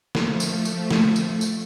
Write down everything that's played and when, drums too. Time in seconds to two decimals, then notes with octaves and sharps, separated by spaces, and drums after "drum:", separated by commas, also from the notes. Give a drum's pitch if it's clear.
0.15 F3 A3, drum: snare
0.40 drum: tambourine
0.65 drum: tambourine
0.91 drum: snare
1.16 drum: tambourine
1.41 drum: tambourine